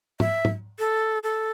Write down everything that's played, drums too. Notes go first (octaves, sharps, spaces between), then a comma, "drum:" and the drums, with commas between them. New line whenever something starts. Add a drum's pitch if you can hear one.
E5, drum: tom
drum: tom
A4
A4